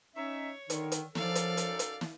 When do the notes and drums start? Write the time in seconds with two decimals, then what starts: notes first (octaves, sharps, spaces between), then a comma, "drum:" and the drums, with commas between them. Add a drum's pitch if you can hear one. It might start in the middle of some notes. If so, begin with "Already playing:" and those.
0.16 C#4 D#4 C#5 E5
0.70 D3 D#3 D#4, drum: hi-hat
0.92 drum: hi-hat
1.15 F#2 F3 D#4 A4 D5 F5, drum: snare
1.35 drum: hi-hat
1.57 drum: hi-hat
1.79 drum: hi-hat
2.01 drum: snare